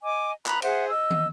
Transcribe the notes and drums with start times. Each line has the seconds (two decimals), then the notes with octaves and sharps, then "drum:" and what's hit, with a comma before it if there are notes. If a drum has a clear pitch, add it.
0.03 D#5 G#5 D6
0.46 A#5 B5 F#6, drum: clap
0.62 G#4 C5 E5 F#5, drum: cymbal
0.90 D#5 E6
1.10 drum: tom